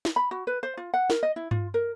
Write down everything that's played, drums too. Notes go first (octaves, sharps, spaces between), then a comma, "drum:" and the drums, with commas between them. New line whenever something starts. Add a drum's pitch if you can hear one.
drum: snare
B5
F#4
B4
C5
F4
F#5
A#4, drum: snare
D#5
E4
F4, drum: tom G2
A#4